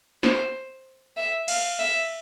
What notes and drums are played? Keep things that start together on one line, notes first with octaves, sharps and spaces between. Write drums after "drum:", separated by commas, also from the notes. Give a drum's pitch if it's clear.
C5, drum: snare
E5
F5, drum: cymbal
E5